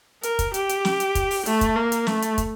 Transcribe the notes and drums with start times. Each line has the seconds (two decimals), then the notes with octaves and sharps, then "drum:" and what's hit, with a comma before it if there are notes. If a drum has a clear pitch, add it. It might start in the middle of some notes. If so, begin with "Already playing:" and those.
0.23 A#4, drum: hi-hat
0.39 drum: kick, hi-hat
0.54 G4, drum: hi-hat
0.69 drum: hi-hat
0.85 drum: snare
1.00 drum: hi-hat
1.15 drum: kick, hi-hat
1.31 drum: open hi-hat
1.46 A3, drum: hi-hat
1.61 drum: kick, hi-hat
1.76 A#3
1.92 drum: hi-hat
2.07 A3, drum: snare
2.22 drum: hi-hat
2.38 drum: kick, hi-hat